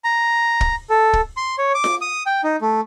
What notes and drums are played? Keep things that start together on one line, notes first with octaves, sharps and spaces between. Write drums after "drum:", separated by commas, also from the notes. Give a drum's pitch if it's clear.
A#5
drum: kick
A4
drum: kick
C6
C#5
D6
drum: snare F4
D#6
G5
D#4
A3